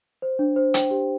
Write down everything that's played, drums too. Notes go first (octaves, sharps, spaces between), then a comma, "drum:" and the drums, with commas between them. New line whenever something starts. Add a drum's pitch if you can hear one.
C5
D4
C5
G5, drum: hi-hat
G4